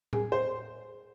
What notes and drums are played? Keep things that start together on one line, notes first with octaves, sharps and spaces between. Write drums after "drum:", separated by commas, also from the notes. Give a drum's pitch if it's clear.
G#4, drum: tom A2
C5